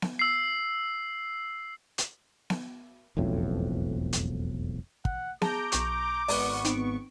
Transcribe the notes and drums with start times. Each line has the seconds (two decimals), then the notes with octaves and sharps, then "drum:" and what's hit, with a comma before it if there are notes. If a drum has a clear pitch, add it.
0.02 drum: snare B3
0.19 E6 C7
1.98 drum: hi-hat
2.50 drum: snare B3
3.17 E1 B1 F2 A2
4.13 drum: hi-hat
5.05 F#5, drum: kick
5.42 G#4 A5 A#5 D6 G6 D7, drum: snare B3
5.72 B1 C#6, drum: hi-hat
6.28 G#1 B3 D5 C#6, drum: open hi-hat
6.65 C4 D#4 D7, drum: hi-hat